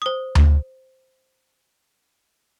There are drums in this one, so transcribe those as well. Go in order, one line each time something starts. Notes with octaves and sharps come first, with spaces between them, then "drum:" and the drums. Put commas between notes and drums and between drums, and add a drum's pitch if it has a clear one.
C5 D#6
drum: tom D2